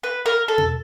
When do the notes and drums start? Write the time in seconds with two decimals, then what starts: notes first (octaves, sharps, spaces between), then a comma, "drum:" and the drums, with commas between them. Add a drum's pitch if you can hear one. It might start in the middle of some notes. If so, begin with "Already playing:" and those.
0.03 B4
0.26 A#4
0.48 A4
0.58 drum: tom